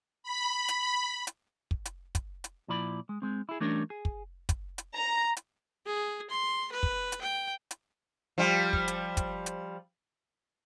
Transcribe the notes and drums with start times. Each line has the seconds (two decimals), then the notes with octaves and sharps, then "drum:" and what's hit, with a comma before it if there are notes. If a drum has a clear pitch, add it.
0.23 B5
0.68 drum: hi-hat
1.27 drum: hi-hat
1.71 drum: kick
1.85 drum: hi-hat
2.15 drum: kick, hi-hat
2.44 drum: hi-hat
2.68 A#2 F3 E4 D5 B5
3.09 G#3
3.22 G#3 C4
3.49 E4 G#4
3.60 E3 G3 A3 C#4 D4 A#4
3.90 G#4
4.05 drum: kick
4.49 drum: kick, hi-hat
4.78 drum: hi-hat
4.95 A#5
5.37 drum: hi-hat
5.87 G#4
6.30 C6
6.72 B4
6.83 drum: kick
7.12 drum: hi-hat
7.22 G5
7.71 drum: hi-hat
8.38 F3 G3
8.73 drum: kick
8.88 drum: hi-hat
9.17 drum: kick, hi-hat
9.46 drum: hi-hat